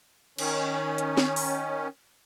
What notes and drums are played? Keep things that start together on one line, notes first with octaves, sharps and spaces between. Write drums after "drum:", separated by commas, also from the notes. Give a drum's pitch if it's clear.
D#3 C#4, drum: cymbal
drum: hi-hat
drum: snare
drum: open hi-hat